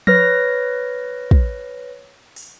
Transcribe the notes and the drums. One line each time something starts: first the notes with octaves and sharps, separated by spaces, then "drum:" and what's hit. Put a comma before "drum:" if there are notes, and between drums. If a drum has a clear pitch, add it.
B4 C#5 F6 A#6, drum: tom F3
drum: kick
drum: open hi-hat